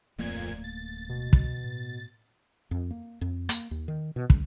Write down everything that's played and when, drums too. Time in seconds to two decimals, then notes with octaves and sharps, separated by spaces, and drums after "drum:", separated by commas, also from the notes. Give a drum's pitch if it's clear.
0.18 D1 F2 A#2 A3 A#3 G#6
0.64 A6
1.09 B2
1.33 drum: kick
1.64 A2
2.71 F2
2.91 A#3
3.21 F2
3.49 A#3, drum: hi-hat
3.71 D#2
3.88 D#3
4.16 B2
4.30 C#2, drum: kick